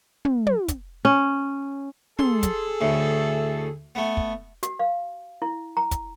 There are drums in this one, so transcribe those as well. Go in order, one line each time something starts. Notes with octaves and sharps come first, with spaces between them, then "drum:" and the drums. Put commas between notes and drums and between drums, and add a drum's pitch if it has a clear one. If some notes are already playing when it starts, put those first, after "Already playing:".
drum: tom
drum: tom
drum: kick, hi-hat
C#4
G#4 A4 C6, drum: tom
drum: kick, hi-hat
D2 A2
A3 B3
drum: kick
F#4, drum: hi-hat
F5
E4
A#5
drum: kick, hi-hat